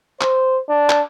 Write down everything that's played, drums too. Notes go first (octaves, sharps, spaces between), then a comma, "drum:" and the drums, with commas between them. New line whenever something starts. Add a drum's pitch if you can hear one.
C5, drum: clap
D4
drum: clap